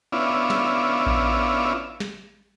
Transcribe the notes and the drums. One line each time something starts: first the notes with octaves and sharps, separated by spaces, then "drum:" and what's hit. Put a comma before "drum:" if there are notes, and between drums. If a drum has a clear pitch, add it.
B3 C#4 D4 E4 F4
drum: snare
drum: kick A#1
drum: snare